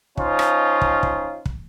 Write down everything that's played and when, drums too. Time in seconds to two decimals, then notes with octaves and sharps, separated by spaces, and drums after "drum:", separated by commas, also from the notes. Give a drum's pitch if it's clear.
0.17 F3 C#4 D#4 F4, drum: kick
0.39 drum: rim click
0.81 drum: kick
1.03 drum: kick
1.46 drum: kick